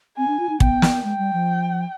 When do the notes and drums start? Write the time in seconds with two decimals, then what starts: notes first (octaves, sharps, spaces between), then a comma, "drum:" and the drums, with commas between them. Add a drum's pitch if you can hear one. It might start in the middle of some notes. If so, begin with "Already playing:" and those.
0.17 C4 G#5
0.27 D4
0.39 F4
0.49 D#4
0.60 B3 G5, drum: kick
0.82 drum: snare
1.04 G#3 G5
1.18 G3
1.33 F3